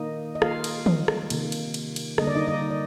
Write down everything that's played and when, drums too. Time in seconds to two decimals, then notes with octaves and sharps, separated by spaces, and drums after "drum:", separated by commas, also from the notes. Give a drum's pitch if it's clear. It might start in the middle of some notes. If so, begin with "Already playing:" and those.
Already playing: D#3 A#3 D#4 D#5
0.35 D#5
0.42 D#3 A#3 F4 F5, drum: rim click
0.64 drum: cymbal
0.86 drum: tom
1.08 drum: rim click
1.30 C3 D#3 A#3, drum: cymbal
1.52 drum: cymbal
1.74 drum: cymbal
1.96 drum: cymbal
2.18 D3 G3 A#3 D#5, drum: rim click
2.27 D5
2.35 D#4 D#5
2.48 D#4 D#5
2.70 D5